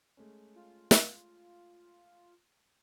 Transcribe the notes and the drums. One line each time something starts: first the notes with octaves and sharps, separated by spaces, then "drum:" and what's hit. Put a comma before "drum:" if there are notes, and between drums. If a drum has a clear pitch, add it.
G#3 A3 C#4
F4
drum: snare